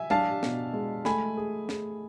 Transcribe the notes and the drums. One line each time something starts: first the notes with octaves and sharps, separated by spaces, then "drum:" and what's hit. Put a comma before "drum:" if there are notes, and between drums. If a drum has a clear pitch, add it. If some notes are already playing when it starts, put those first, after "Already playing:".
Already playing: E5 G#5
D4 F5 A5, drum: tom F#3
B2, drum: snare
G#3
A3 G#5 B5, drum: snare
G#4
G#4, drum: snare